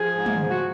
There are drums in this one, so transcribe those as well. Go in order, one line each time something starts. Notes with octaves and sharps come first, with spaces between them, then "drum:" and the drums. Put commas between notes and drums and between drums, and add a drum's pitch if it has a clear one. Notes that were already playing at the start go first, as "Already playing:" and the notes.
Already playing: F3 G#4
G#2
drum: tom
F3
F#4